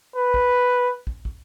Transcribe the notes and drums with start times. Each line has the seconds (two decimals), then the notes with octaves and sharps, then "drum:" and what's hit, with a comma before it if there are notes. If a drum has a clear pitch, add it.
0.16 B4
0.34 drum: kick
1.07 drum: kick
1.25 drum: kick